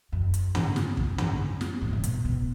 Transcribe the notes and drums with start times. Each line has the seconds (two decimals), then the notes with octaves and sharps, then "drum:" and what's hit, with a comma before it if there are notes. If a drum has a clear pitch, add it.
0.12 F#2
0.34 drum: hi-hat
0.55 drum: tom
0.76 drum: snare
0.97 drum: kick
1.18 drum: tom
1.61 drum: snare
1.82 G#2
1.93 C#3
2.04 B2, drum: hi-hat
2.25 B2